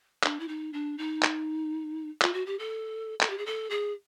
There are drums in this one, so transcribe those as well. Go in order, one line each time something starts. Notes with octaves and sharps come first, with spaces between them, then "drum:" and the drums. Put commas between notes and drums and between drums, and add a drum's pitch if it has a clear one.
D4, drum: clap
E4
D#4
D4
D#4
drum: clap
F4, drum: clap
F#4
G4
A4
A4, drum: clap
G4
G#4
A4
G#4